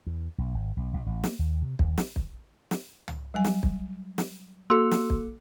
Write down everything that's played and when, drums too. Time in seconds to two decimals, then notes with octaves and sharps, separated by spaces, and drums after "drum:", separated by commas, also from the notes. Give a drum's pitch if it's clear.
0.07 E2
0.38 B1
0.54 G#1
0.77 B1
0.94 B1
1.06 A1
1.24 A#3, drum: snare
1.39 D#2
1.62 C3
1.79 D#2, drum: kick
1.98 drum: snare
2.16 drum: kick
2.71 drum: snare
3.08 drum: tom
3.34 F#3 G3 G#5
3.44 drum: snare
3.63 drum: kick
4.18 drum: snare
4.70 A#3 F#4 A4 C6 E6
4.91 drum: snare
5.10 drum: kick